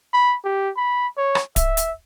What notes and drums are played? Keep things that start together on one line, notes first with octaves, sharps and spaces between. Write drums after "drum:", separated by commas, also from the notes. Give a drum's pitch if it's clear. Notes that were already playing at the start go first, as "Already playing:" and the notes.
B5
G4
B5
C#5
drum: rim click
E5, drum: kick D1, hi-hat
drum: hi-hat